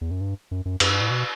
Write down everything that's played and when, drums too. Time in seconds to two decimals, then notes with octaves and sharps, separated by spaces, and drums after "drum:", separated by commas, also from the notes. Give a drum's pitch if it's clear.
0.01 E2
0.11 F#2
0.21 G2
0.51 F#2
0.65 F#2
0.80 F#2, drum: cymbal
0.90 G2
1.01 A2
1.10 B2